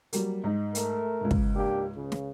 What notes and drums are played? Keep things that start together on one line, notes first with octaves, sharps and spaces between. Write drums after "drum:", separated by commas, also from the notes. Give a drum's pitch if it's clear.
F#3 G3 A#3, drum: hi-hat
G#2 D#4
A3 A#4, drum: hi-hat
C#2 G#2
drum: kick
A#3 D4 G4
C#2 C#3
drum: snare